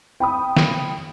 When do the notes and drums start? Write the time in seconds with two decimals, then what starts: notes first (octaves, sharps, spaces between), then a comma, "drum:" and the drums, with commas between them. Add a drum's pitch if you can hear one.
0.20 G5 B5 D#6
0.57 drum: snare